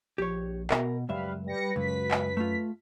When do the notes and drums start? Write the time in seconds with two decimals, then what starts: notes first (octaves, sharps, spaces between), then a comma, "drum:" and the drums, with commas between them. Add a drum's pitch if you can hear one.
0.18 A#1 G4 C#5
0.70 B2 A#4, drum: clap
1.09 C#2 F#2 G3 B4 E5 F5
1.46 G3 B4 A#6 C#7
1.76 C#2 F#2 B6
2.11 drum: clap
2.37 A3 F4